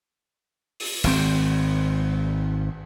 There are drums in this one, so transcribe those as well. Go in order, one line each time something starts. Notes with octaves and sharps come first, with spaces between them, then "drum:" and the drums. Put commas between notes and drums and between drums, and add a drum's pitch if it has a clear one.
drum: open hi-hat
G#1 B2 C4, drum: cymbal